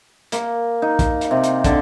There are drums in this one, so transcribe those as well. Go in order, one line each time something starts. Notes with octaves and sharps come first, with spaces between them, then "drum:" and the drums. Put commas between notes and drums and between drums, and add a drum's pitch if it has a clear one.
A#3, drum: hi-hat
D#4
drum: kick, hi-hat
drum: hi-hat
C3
drum: hi-hat
D3, drum: kick, hi-hat